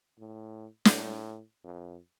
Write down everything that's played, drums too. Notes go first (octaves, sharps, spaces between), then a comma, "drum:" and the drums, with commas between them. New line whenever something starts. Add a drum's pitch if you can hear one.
A2
A2, drum: snare
F2